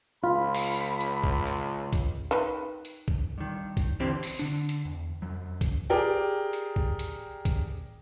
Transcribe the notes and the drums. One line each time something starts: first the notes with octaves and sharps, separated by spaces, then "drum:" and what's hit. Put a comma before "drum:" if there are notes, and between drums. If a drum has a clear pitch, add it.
C#2 F4 B5
drum: open hi-hat
drum: hi-hat
drum: kick
drum: hi-hat
drum: kick, hi-hat
D#3 B4
drum: hi-hat
drum: kick
G2 D#3
drum: kick, hi-hat
D3 E3 C4 G4
drum: open hi-hat
D3 D4
drum: hi-hat
E2
F2 F#3
drum: kick, hi-hat
G4 G#4 A#4 D5 G5
drum: hi-hat
drum: kick
drum: hi-hat
drum: kick, hi-hat